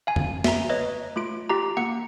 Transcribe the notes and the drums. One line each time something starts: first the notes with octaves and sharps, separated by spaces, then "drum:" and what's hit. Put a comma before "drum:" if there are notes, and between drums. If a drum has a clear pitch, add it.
F5 G#5
drum: tom F2
E5 A#5, drum: snare
B4 C#5 D#5
A3 F4 D7
F4 G4 A#5
A#3 F#5 C#7